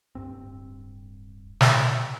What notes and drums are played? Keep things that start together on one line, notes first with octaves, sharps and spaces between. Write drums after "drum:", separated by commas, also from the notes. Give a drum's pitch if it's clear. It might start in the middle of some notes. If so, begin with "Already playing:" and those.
D1 G#1 G2 C4
drum: snare